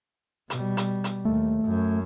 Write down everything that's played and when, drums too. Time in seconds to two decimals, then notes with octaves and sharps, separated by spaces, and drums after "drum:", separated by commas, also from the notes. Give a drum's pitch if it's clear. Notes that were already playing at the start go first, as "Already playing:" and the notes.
0.50 B2 G3, drum: hi-hat
0.77 drum: hi-hat
1.04 drum: hi-hat
1.25 D#2 A3
1.65 F#2